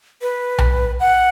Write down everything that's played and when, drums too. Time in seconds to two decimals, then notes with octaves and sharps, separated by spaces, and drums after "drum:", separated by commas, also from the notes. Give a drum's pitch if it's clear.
0.22 B4
0.58 drum: tom B1
1.00 F#5